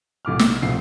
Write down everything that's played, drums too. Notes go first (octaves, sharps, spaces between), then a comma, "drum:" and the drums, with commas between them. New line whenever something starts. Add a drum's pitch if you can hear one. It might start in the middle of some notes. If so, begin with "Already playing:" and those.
C2 A2 D6 F6
E6, drum: snare
C2 A2 F3 C7